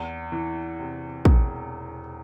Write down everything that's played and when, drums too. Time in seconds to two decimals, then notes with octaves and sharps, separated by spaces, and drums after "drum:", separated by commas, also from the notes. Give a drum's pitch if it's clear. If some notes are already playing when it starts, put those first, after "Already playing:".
Already playing: E2
0.32 E3
0.79 C3
1.25 E1, drum: kick